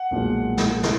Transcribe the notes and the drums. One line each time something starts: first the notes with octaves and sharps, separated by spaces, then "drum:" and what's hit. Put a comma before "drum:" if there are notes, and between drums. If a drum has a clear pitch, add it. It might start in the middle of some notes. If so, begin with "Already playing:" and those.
Already playing: F#5
B1 A#2 F3 G#3
drum: snare
C3, drum: snare